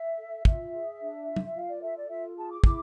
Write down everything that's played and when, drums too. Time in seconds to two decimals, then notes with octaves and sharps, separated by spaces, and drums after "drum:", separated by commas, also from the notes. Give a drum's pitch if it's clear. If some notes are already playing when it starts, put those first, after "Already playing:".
Already playing: E5
0.18 A4
0.45 F4 E5, drum: kick
0.73 G#4
1.00 D4
1.27 F4
1.36 drum: tom
1.55 F4 F5
1.68 D5
1.81 A4 E5
1.96 D5
2.09 F4 E5
2.36 G#4 A5
2.50 D6
2.64 E4 D6, drum: kick